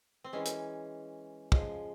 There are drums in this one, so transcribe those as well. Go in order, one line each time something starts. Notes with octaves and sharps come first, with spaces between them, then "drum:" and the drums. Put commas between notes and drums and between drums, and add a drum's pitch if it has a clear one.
C4
E3 G#3 C#4
drum: hi-hat
C#3 F3 G#3, drum: kick